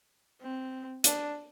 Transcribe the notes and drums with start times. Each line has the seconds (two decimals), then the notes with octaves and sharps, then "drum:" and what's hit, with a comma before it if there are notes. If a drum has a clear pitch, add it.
0.41 C4
1.04 D4, drum: hi-hat